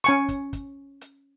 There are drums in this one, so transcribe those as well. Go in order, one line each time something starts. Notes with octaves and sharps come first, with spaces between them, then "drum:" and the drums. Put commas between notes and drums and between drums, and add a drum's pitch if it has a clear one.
C#4 G#5 C#6, drum: hi-hat
drum: kick, hi-hat
drum: kick, hi-hat
drum: hi-hat